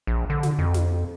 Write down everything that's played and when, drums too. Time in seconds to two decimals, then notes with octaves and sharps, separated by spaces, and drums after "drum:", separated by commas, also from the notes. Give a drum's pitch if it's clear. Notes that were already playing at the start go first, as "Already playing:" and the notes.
0.07 A#1
0.30 D3
0.43 drum: snare
0.59 F2
0.74 drum: snare